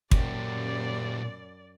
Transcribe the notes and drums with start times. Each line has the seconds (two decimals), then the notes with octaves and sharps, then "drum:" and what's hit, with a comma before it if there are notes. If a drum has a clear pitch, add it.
0.11 F#2 A#2 G4 D5, drum: kick